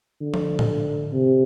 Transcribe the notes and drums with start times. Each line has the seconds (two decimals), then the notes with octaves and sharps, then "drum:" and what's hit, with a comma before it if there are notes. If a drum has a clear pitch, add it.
0.21 D3
0.34 drum: tom F3
0.59 drum: tom A2
1.13 C3